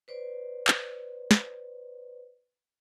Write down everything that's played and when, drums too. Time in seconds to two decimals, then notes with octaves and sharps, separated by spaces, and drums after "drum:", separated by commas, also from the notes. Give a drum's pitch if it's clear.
0.08 B4 C5 D5
0.67 drum: clap
1.31 drum: snare